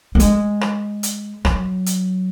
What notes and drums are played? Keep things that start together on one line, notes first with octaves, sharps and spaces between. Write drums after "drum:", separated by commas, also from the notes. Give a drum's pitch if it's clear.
A#3
G#3, drum: hi-hat
drum: rim click
drum: hi-hat
F#3, drum: rim click
drum: hi-hat